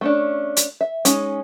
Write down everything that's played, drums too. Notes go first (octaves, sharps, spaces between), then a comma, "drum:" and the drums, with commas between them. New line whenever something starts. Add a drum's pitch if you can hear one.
A3 C#4 D4
drum: hi-hat
E5
G#3 C#4 D#4, drum: hi-hat